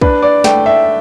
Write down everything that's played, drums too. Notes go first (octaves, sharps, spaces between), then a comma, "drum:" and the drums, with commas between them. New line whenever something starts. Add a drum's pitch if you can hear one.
D4 B4, drum: kick
D5
A3 G5, drum: snare
E5